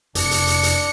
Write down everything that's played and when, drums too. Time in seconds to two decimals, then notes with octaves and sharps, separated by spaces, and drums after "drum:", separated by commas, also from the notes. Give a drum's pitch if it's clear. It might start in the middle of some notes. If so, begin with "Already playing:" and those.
0.15 F1 F2 D4 D5 C#7, drum: hi-hat
0.31 drum: hi-hat
0.47 drum: hi-hat
0.63 drum: hi-hat